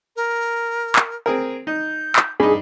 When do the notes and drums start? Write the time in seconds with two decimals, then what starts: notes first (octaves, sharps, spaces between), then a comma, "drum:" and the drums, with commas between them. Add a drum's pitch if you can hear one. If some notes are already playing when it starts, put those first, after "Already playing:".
0.16 A#4
0.96 drum: clap
1.26 C4 G#4 A#4
1.67 D#4 G6
2.16 drum: clap
2.40 G2 D#4 G#4